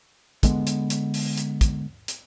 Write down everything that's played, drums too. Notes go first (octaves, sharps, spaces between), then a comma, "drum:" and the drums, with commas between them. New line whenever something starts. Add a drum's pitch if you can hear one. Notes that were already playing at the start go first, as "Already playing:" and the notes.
D3 G#3 B3, drum: kick, hi-hat
drum: hi-hat
drum: hi-hat
drum: open hi-hat
drum: hi-hat
drum: kick, hi-hat
drum: hi-hat